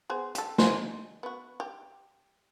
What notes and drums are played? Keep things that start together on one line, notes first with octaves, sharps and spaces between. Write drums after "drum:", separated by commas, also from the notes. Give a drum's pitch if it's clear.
B3 G#4 C5
G4 A4, drum: hi-hat
D4 D#4 C5, drum: snare
B3 F#4
G4